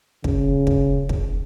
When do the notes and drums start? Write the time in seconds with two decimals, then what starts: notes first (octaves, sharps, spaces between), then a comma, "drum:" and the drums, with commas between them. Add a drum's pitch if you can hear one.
0.24 C#3, drum: kick
0.67 drum: kick
1.09 drum: kick